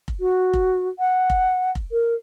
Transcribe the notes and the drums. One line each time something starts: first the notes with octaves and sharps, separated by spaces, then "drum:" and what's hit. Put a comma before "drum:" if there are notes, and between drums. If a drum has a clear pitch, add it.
drum: kick F1
F#4
drum: kick F1
F#5
drum: kick F1
drum: kick F1
A#4